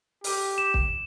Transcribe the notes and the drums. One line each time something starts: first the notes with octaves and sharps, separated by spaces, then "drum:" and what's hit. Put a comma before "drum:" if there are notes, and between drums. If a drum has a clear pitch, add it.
G4, drum: open hi-hat
E7
drum: kick